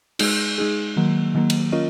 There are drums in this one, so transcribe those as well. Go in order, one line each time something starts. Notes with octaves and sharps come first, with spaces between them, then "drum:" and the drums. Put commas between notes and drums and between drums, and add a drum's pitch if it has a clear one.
G#3 D#4 G#4, drum: cymbal
G#3 D#4 G#4
D#3 F#3 A#3
D#3 F#3 A#3
drum: cymbal
C#4 F4 A#4 D#5